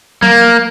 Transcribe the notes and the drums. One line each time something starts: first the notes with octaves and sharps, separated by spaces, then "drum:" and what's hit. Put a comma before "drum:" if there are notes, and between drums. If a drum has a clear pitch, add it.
A#3, drum: tom F3